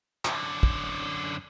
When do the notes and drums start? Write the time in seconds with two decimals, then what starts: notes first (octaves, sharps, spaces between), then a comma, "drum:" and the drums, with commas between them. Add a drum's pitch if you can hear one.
0.25 F#2 D3, drum: clap
0.63 drum: kick